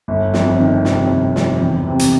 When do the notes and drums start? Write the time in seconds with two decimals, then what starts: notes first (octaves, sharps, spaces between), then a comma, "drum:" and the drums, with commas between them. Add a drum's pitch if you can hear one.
0.08 G1
0.34 F2, drum: snare
0.60 D#3
0.85 C3, drum: snare
1.10 G1
1.36 F2, drum: snare
1.62 E2
1.87 C3
1.99 drum: hi-hat